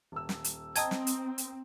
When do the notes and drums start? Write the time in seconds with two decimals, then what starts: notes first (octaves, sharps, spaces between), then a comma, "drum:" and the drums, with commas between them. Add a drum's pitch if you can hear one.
0.12 D#1 E6
0.29 drum: snare
0.44 drum: hi-hat
0.76 C4 D#5 G5 A5 A#5 D#6 G#6, drum: hi-hat
0.91 drum: snare
1.07 drum: hi-hat
1.38 drum: hi-hat